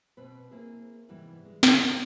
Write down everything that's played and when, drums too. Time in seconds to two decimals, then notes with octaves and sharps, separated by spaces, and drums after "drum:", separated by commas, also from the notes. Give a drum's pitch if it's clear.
0.17 B2 C4 B4
0.51 A#3 C4 E4 G#4
1.09 G#2 C3 E3 G3 B3 E4
1.45 G#3
1.63 D3 D#5, drum: snare